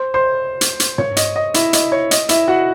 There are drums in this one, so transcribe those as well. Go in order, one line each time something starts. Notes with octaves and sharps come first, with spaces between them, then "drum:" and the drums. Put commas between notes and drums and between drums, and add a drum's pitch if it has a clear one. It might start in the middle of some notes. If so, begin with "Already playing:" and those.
Already playing: C5 C6
C5 C6
drum: hi-hat
drum: hi-hat
C#5, drum: tom
D#5, drum: hi-hat
D#5
E4 E5, drum: hi-hat
D#5, drum: hi-hat
C#5
D#5, drum: hi-hat
E4 E5, drum: hi-hat
F#4 F#5